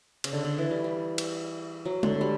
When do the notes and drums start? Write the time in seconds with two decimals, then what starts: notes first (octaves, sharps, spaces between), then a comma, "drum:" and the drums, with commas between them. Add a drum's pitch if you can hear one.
0.24 C#3, drum: cymbal
0.33 D3
0.45 D3
0.58 E3
0.71 G3
0.84 G3
1.18 drum: cymbal
1.85 F#3
2.03 D3, drum: tom G#3
2.21 G3